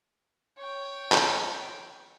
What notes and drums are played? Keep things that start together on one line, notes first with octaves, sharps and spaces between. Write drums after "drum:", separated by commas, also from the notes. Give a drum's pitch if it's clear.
C#5 G5
drum: clap